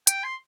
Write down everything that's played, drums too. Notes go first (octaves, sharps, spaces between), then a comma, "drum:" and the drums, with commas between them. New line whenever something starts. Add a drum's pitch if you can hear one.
G5, drum: hi-hat
C6